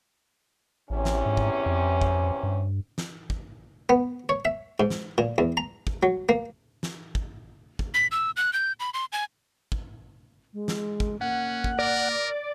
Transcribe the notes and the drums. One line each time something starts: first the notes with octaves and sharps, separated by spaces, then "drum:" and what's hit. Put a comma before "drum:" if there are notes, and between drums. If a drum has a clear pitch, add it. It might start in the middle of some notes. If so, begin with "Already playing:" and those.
A1 E2 C3 C#4
drum: snare
G#2
drum: kick
F2
drum: kick
G2
drum: snare
drum: kick
B3
C#5
E5
G#2
drum: snare
A#2
E2
A#5
drum: kick
F#3
A#3
drum: snare
drum: kick
drum: kick
B6
E6
F#6
G6
B5
C6
G#5
drum: kick
G#3
drum: snare
drum: kick
A#3 C#4 F#5
drum: kick
A#4 D5